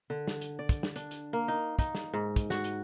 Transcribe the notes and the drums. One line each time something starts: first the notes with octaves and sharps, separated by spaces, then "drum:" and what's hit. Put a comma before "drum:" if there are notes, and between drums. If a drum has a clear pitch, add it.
D3
drum: snare
drum: hi-hat
D5
drum: kick, hi-hat
drum: snare
D4, drum: hi-hat
drum: hi-hat
A#3
D#4
D#4, drum: kick, hi-hat
drum: snare
G#2
drum: kick, hi-hat
F#4, drum: snare
drum: hi-hat